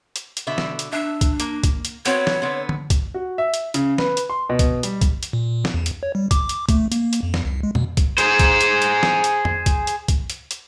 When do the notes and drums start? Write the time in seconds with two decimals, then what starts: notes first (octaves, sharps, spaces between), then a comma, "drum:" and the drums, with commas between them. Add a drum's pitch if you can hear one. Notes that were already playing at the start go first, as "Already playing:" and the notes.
0.16 drum: hi-hat
0.37 drum: hi-hat
0.47 B2 D3 E5
0.58 drum: snare
0.79 drum: hi-hat
0.93 D4 E5
1.21 drum: kick, hi-hat
1.40 A#3, drum: hi-hat
1.63 drum: kick, hi-hat
1.85 drum: hi-hat
2.06 B3 C4 F#4 C#5, drum: hi-hat
2.27 drum: snare
2.42 D3 B3 C4
2.69 drum: tom
2.90 drum: kick, hi-hat
3.14 F#4
3.38 E5
3.54 drum: hi-hat
3.74 C#3, drum: hi-hat
3.98 B4, drum: snare
4.17 drum: hi-hat
4.30 C6
4.50 B2
4.59 drum: kick, hi-hat
4.83 G3, drum: hi-hat
5.01 drum: kick, hi-hat
5.23 drum: hi-hat
5.33 A#2
5.65 drum: snare
5.74 E2
5.86 drum: hi-hat
6.03 C#5
6.15 G3
6.31 D6, drum: kick, hi-hat
6.49 drum: hi-hat
6.69 A3, drum: kick, hi-hat
6.92 A#3, drum: hi-hat
7.13 drum: hi-hat
7.23 F2
7.34 drum: snare
7.45 C2
7.63 G#3
7.75 B2, drum: tom F2
7.97 drum: kick, hi-hat
8.18 G#4 C5, drum: hi-hat
8.39 drum: kick, hi-hat
8.61 drum: hi-hat
8.82 drum: hi-hat
9.03 drum: snare
9.24 drum: hi-hat
9.45 drum: tom F2
9.66 drum: kick, hi-hat
9.87 drum: hi-hat
10.08 drum: kick, hi-hat
10.30 drum: hi-hat
10.51 drum: hi-hat